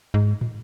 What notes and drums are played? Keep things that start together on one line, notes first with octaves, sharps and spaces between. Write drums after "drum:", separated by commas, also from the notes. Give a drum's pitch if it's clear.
G#2
drum: tom